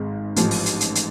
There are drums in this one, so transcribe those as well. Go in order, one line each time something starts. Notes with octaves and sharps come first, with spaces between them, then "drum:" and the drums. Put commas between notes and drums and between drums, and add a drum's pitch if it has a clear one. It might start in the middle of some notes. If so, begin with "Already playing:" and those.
Already playing: G#1 G#2 G#3
A1 G#2 F3, drum: hi-hat
drum: open hi-hat
drum: hi-hat
drum: hi-hat
drum: hi-hat